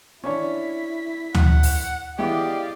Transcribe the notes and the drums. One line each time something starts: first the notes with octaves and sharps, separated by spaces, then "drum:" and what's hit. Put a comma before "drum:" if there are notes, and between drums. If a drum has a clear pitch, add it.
C#4 D4 E4 C#5 B6
F#5, drum: tom
drum: open hi-hat
G#3 B3 E4 G4 D5 D#5 F5